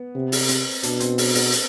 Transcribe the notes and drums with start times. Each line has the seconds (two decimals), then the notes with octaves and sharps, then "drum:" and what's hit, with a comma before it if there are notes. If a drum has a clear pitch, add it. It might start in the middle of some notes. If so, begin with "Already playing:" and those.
Already playing: B3
0.15 C3
0.32 drum: open hi-hat
0.49 C4, drum: hi-hat
0.83 B2 D4, drum: hi-hat
1.00 C4, drum: hi-hat
1.18 B3, drum: open hi-hat
1.35 B3, drum: open hi-hat
1.52 drum: hi-hat